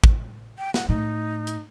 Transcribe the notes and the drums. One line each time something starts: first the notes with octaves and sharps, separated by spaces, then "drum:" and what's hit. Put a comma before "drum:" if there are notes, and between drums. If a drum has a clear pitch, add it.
drum: kick
G5
F#5, drum: snare
A2 D#4
drum: hi-hat